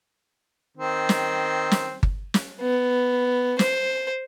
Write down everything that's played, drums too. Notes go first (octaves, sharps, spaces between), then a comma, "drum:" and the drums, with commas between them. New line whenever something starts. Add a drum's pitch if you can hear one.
D#3 C4
drum: snare
drum: snare
drum: kick G1
drum: snare
B3
C5, drum: snare